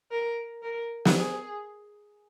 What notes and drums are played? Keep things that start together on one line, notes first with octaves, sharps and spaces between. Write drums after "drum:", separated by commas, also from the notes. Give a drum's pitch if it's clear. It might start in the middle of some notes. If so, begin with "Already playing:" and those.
A#4
A#4
drum: snare
G#4